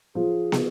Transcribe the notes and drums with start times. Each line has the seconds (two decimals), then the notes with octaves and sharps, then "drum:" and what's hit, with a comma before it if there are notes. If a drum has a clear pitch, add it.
0.15 F3 G#4
0.52 drum: snare